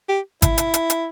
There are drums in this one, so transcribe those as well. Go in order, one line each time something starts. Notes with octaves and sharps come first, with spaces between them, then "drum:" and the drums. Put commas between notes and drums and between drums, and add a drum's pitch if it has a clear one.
G4
E4, drum: kick G#1, hi-hat
drum: hi-hat
drum: hi-hat
drum: hi-hat